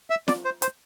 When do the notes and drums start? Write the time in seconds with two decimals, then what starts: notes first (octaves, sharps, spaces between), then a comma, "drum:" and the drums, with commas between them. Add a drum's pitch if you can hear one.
0.10 E5
0.28 D5, drum: snare
0.45 C5
0.62 C5, drum: hi-hat